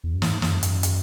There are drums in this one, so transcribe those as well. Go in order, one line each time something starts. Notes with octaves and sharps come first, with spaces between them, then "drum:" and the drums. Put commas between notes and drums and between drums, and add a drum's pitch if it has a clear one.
E2
F#2
G#2, drum: snare
F#2, drum: snare
F#2, drum: hi-hat
drum: hi-hat